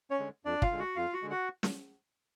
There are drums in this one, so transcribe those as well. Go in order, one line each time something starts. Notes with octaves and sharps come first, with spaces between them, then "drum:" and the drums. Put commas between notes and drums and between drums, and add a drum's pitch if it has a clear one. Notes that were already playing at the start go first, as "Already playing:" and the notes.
C#4 C#5
D3 G#3
F2 D4 D5
F4 F5, drum: kick
D3 G#3
F#4 F#5
F2 F4 F5
F#4 F#5
D3 G#3
F#4 F#5
drum: snare